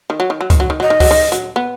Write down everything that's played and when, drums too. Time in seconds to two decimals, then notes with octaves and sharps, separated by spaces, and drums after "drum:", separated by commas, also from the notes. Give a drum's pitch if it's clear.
0.10 D#3
0.20 F#3
0.30 D#3
0.41 F#3
0.50 D#3, drum: kick C#2, hi-hat
0.60 F#3
0.70 D#3
0.80 F#3 D#5
0.90 D#3
1.00 F#3, drum: kick C#2, open hi-hat
1.11 D#3
1.32 F#3, drum: hi-hat
1.56 B3